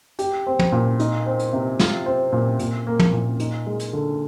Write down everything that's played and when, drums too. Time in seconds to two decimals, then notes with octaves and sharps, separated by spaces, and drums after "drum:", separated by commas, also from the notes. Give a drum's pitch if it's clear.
0.19 G4, drum: hi-hat
0.47 C4
0.59 drum: tom
0.72 A#2
0.99 D#4, drum: hi-hat
1.26 C4
1.39 drum: hi-hat
1.53 C3
1.79 F4, drum: snare
2.06 C4
2.32 A#2
2.59 A#2, drum: hi-hat
2.87 A#3
2.99 drum: tom
3.12 A#2
3.40 D#4, drum: hi-hat
3.66 G#3
3.79 drum: hi-hat
3.93 D3